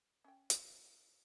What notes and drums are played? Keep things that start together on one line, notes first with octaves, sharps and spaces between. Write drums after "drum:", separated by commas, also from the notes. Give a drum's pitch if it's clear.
C#4 G5
drum: hi-hat